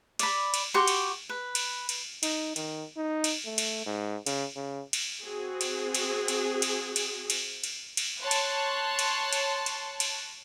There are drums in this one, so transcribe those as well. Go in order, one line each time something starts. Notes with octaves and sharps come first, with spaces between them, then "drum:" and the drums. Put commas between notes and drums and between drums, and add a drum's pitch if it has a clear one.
D5 B5, drum: cymbal
drum: cymbal
F#4 G4 C6 C#6
drum: cymbal
B4
drum: cymbal
drum: cymbal
D#4, drum: cymbal
D#3, drum: cymbal
D#4
drum: cymbal
A3
drum: cymbal
G#2
C#3, drum: cymbal
C#3
drum: cymbal
C4 F#4 G#4
drum: cymbal
drum: cymbal
drum: cymbal
drum: cymbal
drum: cymbal
drum: cymbal
drum: cymbal
drum: cymbal
C#5 A5 C6 F#6
drum: cymbal
drum: cymbal
drum: cymbal
drum: cymbal
drum: cymbal